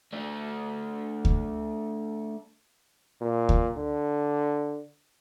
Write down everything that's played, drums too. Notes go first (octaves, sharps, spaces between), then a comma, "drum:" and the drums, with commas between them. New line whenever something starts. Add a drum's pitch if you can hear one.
A3 D4
drum: kick D2
A#2
drum: kick D2
D3